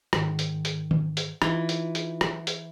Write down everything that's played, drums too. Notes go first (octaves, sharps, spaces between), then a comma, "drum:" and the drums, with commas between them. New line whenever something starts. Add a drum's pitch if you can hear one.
G#2 D#3, drum: rim click
drum: hi-hat
drum: hi-hat
drum: tom D#3
drum: hi-hat
E3 D#4 F4, drum: rim click
drum: hi-hat
drum: hi-hat
drum: rim click
drum: hi-hat